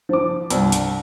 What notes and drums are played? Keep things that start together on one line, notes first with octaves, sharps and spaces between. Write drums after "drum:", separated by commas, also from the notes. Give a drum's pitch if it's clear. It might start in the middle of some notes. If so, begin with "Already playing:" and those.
F3 D6
C2 G2, drum: hi-hat
drum: hi-hat